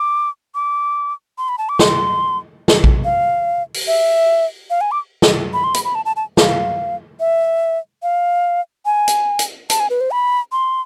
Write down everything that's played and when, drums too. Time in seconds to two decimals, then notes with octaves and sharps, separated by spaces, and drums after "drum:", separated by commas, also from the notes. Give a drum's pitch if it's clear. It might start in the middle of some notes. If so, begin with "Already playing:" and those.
Already playing: D6
0.55 D6
1.38 C6
1.49 B5
1.58 A5
1.69 D6
1.79 C6, drum: snare
2.68 drum: snare
2.84 drum: kick A#1
3.04 F5
3.74 drum: open hi-hat
3.87 E5
4.70 F5
4.81 G#5
4.91 D6
5.22 drum: snare
5.53 B5
5.64 C6
5.74 B5, drum: hi-hat
5.85 B5
5.95 A5
6.05 A5
6.16 A5
6.37 F5, drum: snare
7.20 E5
8.03 F5
8.86 G#5
9.08 drum: hi-hat
9.39 drum: hi-hat
9.70 A5, drum: hi-hat
9.80 G#5
9.90 B4
10.01 C5
10.11 B5
10.52 C6